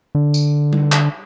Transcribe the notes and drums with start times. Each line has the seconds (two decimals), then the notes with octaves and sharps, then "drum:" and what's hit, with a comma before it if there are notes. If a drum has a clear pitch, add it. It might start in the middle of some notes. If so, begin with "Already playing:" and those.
0.15 D3
0.34 drum: tambourine
0.73 drum: tom G3
0.92 drum: clap